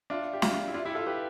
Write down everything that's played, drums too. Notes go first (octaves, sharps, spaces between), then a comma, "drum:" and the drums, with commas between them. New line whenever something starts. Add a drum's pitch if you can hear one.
D4 F4 E5
G4
D4 F4, drum: snare
E4
D4 F4
E4 G4
F4 A4
G4 B4 G5